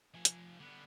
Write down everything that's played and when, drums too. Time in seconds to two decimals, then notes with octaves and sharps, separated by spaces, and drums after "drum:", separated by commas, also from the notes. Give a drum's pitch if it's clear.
0.15 F3 G#5
0.25 drum: hi-hat
0.60 D3 B3